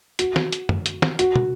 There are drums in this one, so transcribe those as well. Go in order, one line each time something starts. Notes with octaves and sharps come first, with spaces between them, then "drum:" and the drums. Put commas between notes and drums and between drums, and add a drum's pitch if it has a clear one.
F#4, drum: hi-hat
drum: snare
drum: hi-hat
drum: tom
drum: hi-hat
drum: snare
F#4, drum: hi-hat
drum: tom